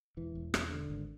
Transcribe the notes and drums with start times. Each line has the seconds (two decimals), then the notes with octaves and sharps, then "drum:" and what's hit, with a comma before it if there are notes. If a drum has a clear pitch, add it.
0.17 E1 E3
0.35 E1
0.54 E1, drum: rim click
0.71 D3
0.90 G#1